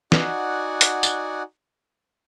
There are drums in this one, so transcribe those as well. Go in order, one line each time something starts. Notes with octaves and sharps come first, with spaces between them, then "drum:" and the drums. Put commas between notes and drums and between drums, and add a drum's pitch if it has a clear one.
D#4 F#4 D5 F#5 G#5, drum: snare
drum: hi-hat
drum: tambourine